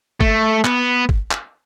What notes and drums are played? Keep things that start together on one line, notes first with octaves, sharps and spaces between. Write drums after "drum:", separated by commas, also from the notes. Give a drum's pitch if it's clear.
A3, drum: kick
B3, drum: clap
drum: kick
drum: clap